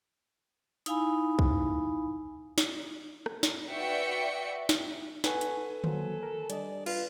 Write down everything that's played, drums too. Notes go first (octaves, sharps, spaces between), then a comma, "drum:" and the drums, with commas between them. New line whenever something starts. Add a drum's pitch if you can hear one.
D#4 E4 F5 G#5 B5, drum: hi-hat
drum: kick B1
drum: snare
drum: rim click
drum: snare
F#4 B4 D5 E5 G5 C#7
drum: snare
A4 B4 F#5 G#5 C#6, drum: snare
drum: hi-hat
F#3 A#3 C5, drum: tom D3
A#4
G3 D4 D5 D#5, drum: hi-hat
F4 B4, drum: cymbal